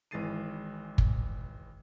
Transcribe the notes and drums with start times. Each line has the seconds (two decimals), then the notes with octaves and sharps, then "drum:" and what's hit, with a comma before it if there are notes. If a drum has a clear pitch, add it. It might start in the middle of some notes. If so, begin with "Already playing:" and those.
0.11 G#1 E3 G#3 A6 C7 D#7
0.98 drum: kick